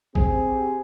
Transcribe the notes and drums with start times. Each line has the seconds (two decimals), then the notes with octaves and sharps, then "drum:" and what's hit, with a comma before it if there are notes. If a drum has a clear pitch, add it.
0.15 C4 G4 G#4, drum: kick A1